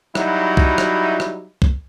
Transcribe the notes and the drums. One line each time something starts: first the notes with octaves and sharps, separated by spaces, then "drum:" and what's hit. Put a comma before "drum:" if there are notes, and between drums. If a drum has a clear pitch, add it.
F#3 G3 D#4 E4 F#4, drum: rim click
drum: kick C2
drum: rim click
drum: rim click
drum: kick C2